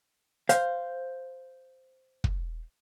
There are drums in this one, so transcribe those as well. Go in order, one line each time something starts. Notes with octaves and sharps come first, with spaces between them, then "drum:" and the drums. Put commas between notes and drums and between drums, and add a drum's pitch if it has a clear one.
C5 F5, drum: hi-hat
drum: kick